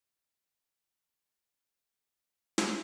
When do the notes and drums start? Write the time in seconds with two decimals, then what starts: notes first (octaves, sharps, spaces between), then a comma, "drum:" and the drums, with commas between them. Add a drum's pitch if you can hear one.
0.15 G#2 C3 E3 E4 G#6 C7
2.58 drum: snare